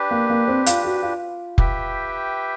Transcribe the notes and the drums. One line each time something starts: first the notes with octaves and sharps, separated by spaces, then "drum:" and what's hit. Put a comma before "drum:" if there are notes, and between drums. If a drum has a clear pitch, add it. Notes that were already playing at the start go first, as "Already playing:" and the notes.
Already playing: D4 G4 B4
A#3
A#3
C4
F4, drum: hi-hat
F#4
F4
G4 B4 E5 G5, drum: kick F1